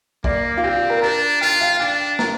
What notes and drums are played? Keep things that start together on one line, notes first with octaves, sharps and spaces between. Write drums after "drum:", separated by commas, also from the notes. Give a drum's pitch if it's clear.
A#3 D5, drum: kick
F4
C4 G4
G4
A#4
D4 A#5
F4 G5
F5
D4 G5
A#5, drum: snare